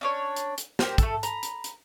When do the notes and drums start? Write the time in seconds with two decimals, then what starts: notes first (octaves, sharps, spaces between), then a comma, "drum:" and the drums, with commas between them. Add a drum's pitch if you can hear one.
0.01 C#4 D4 C#5
0.37 drum: hi-hat
0.58 drum: hi-hat
0.79 G4 A#4 C5, drum: snare
0.98 A3 A4, drum: kick, hi-hat
1.23 A#5 B5, drum: hi-hat
1.43 drum: hi-hat
1.64 drum: hi-hat